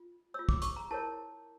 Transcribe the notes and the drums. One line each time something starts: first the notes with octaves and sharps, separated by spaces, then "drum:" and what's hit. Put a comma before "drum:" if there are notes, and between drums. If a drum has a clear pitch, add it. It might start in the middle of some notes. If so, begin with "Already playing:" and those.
Already playing: F4
F4 C#5 E6
D6, drum: kick
C#6, drum: hi-hat
A#5
E4 A#4 C#5 A5